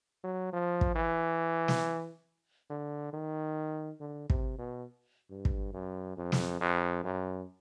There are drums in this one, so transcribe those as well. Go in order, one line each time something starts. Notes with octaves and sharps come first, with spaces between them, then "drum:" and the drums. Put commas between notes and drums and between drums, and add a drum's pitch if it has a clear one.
F#3
F3
drum: kick
E3
drum: snare
D3
D#3
D3
C3, drum: kick
B2
G2
drum: kick
F#2
F2
drum: snare
F2
F#2